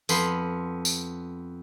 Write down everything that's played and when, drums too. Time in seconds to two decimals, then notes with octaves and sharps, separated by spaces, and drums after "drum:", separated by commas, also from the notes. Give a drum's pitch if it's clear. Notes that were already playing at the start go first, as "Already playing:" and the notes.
0.09 F2 B3 B5 C6, drum: tambourine
0.85 drum: tambourine